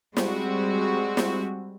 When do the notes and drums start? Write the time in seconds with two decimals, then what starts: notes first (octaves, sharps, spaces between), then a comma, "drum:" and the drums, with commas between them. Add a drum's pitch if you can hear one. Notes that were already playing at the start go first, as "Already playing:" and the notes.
0.17 G3 G#3 C4 F#4, drum: snare
1.17 drum: snare